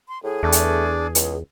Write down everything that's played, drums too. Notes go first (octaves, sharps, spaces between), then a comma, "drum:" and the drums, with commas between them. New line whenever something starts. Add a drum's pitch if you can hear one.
C6
A2 G#4
E2 A3 D4
drum: hi-hat
C#2, drum: hi-hat